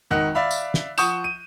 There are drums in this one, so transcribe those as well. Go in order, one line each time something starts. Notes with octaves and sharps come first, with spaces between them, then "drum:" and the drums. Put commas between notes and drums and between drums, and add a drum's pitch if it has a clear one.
G#1 D#3 D#5 F#5 F#6
D5 E5 F5 B5
drum: tambourine
drum: snare
F3 F#5 C#6 D#6 G6 E7, drum: tambourine
D#7